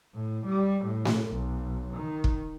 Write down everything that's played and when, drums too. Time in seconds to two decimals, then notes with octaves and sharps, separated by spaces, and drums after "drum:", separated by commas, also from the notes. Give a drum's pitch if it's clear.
0.15 A2
0.46 G3
0.85 A2
1.05 drum: snare A3
1.29 B1
1.93 D#3
2.24 drum: kick